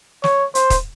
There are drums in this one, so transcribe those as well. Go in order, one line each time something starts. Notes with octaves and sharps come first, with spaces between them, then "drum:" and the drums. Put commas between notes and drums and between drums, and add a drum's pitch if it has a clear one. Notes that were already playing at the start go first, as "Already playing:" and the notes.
C#5, drum: snare
C5, drum: hi-hat
drum: kick D#1, hi-hat